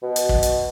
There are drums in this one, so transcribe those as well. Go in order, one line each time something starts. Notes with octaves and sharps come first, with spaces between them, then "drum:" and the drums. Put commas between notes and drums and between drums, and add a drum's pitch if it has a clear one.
B2
drum: hi-hat
drum: kick
drum: hi-hat